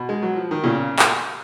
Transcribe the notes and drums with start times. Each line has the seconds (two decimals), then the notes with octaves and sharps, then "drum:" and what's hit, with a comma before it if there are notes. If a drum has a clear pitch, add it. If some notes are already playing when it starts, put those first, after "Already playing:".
Already playing: B2
0.09 G#3
0.22 F#3
0.36 F3
0.51 D#3
0.64 A#2 C#3
0.99 drum: clap